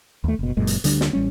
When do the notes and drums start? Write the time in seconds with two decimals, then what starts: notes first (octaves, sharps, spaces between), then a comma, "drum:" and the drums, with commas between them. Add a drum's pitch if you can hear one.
0.24 D#2 A3
0.39 F#1 B2
0.57 F#1 F#2 A#2 G#3
0.67 drum: hi-hat
0.84 D2 D3 G3 D4, drum: hi-hat
1.01 drum: snare
1.13 A1 G3 C#4